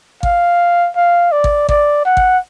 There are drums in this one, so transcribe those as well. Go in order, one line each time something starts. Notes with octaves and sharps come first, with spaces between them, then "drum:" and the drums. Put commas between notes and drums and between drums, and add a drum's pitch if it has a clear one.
F5, drum: kick G#1
F5
D5
drum: kick G#1
D5, drum: kick G#1
F#5
drum: kick G#1